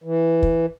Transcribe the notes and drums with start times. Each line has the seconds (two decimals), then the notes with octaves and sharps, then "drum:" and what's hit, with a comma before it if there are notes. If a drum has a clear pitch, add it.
0.04 E3
0.43 drum: kick